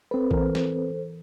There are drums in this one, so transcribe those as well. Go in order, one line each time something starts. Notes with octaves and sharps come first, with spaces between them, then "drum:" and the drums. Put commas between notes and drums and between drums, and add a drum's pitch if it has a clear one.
C4 A4 B4 C5
E3 A#4, drum: kick A#1
drum: snare